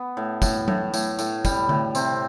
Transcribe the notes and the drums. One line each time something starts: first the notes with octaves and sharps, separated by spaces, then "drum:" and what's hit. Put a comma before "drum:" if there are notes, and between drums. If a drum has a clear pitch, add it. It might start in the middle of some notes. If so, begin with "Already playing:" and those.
Already playing: B3
A2
A2, drum: kick, tambourine
A2, drum: tom F#3
A2, drum: tambourine
A2, drum: tambourine
G3, drum: kick, tambourine
A2, drum: tom D3
C3 C4, drum: tambourine